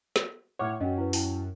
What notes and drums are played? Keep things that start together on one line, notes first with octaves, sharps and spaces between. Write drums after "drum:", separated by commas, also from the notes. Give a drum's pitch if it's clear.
drum: snare
A2 C#5 F#5 C#6 D6 F6
F#2 C#4 F#4 D#5 G5
E4 B4
E4 G5 A5, drum: open hi-hat